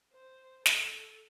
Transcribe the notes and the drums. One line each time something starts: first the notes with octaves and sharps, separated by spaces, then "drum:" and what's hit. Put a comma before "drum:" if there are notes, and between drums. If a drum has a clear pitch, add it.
C5
A4, drum: snare